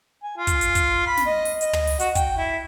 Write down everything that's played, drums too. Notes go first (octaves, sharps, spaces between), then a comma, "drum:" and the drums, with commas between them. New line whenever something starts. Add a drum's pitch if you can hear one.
G#5
F4
drum: kick, hi-hat
drum: hi-hat
drum: kick, hi-hat
B5
drum: snare
D#5
drum: open hi-hat
D#5, drum: hi-hat
drum: tom
drum: open hi-hat
F#4, drum: hi-hat
G5, drum: kick, hi-hat
E4